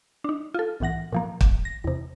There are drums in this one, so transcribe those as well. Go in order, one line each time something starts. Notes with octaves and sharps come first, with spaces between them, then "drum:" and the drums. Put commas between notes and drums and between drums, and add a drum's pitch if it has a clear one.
D4 D#4
F4 A4
B1 A2 E3 F#5 A#6
A#2 F3 A#3
drum: kick
A#6
E2 C3